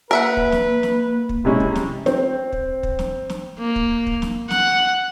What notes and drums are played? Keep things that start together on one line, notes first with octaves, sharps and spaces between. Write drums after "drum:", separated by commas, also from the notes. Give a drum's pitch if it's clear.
A#3 A#4 B4 E5 F#5
drum: kick
drum: snare
drum: snare
drum: kick
C3 G#3 C#4 E4
drum: kick
drum: snare
C4, drum: snare
drum: kick
drum: kick
drum: snare
drum: snare
A#3
drum: kick
drum: kick
drum: snare
F#5, drum: snare